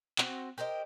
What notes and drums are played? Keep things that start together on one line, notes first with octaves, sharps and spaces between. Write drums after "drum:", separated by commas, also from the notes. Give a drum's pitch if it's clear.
C4 F#4, drum: clap
G4 A#4 C5 D#5